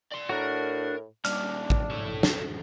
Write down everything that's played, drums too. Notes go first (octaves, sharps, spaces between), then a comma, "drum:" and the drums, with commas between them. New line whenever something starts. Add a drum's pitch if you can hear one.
D5 C6
A2 D4 F#4 A#4
A#2 G3 D4 F6, drum: hi-hat
drum: kick
A4 C#5
drum: snare